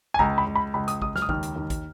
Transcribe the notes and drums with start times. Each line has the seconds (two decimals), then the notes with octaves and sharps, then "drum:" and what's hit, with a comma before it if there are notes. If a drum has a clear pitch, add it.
0.14 G#5
0.19 C#2 A#5, drum: kick
0.38 B5
0.46 C#2
0.56 B5
0.74 C#2 B5
0.88 D#6, drum: hi-hat
1.02 C#2 D#6, drum: kick
1.16 F6, drum: snare
1.22 D#6
1.29 D#2 F6, drum: kick
1.43 drum: hi-hat
1.56 D#2
1.70 drum: kick, hi-hat